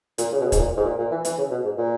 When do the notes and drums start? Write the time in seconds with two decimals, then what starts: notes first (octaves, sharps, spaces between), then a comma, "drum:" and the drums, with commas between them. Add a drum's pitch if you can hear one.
0.18 A#2, drum: hi-hat
0.32 C#3
0.41 B2
0.46 C#3
0.52 G#2, drum: kick, hi-hat
0.59 A#2
0.77 G#2
0.85 A#2
0.98 A#2
1.11 E3
1.25 E3, drum: hi-hat
1.38 C#3
1.50 B2
1.64 G#2
1.78 A#2